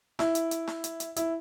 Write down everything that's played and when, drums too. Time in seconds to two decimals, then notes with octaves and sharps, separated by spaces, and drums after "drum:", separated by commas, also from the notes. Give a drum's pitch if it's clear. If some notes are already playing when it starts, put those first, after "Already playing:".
0.19 E4, drum: snare
0.35 drum: hi-hat
0.51 drum: hi-hat
0.67 drum: snare
0.84 drum: hi-hat
1.00 drum: hi-hat
1.16 E4, drum: hi-hat